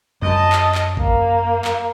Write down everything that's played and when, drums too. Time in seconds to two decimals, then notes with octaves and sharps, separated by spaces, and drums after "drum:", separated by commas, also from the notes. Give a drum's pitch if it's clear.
0.22 F#2 D#5 A5
0.52 drum: clap
0.75 drum: clap
0.97 A#3, drum: kick
1.65 drum: clap